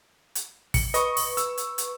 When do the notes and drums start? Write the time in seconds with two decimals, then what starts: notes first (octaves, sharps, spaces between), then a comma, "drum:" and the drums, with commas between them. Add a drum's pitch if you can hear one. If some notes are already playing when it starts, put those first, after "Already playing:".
0.35 drum: hi-hat
0.74 C#7, drum: kick, open hi-hat
0.94 B4 D#5 C#6, drum: hi-hat
1.17 drum: open hi-hat
1.37 E6, drum: hi-hat
1.58 drum: hi-hat
1.78 drum: hi-hat